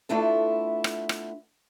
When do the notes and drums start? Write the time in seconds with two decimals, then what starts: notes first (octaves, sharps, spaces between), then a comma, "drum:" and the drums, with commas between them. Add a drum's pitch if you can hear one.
0.09 A3 B3 D4 E4 F4 A4
0.84 drum: rim click
1.09 drum: rim click